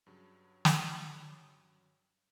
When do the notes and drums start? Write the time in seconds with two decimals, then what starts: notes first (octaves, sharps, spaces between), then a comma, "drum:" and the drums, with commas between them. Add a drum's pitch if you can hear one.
0.06 G2 C#3 F#3
0.65 drum: snare